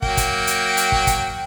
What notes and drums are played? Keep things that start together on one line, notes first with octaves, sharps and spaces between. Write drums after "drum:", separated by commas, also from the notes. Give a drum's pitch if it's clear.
F#3 A#3 G5, drum: kick
drum: kick, hi-hat
drum: hi-hat
drum: hi-hat
drum: kick
drum: kick, hi-hat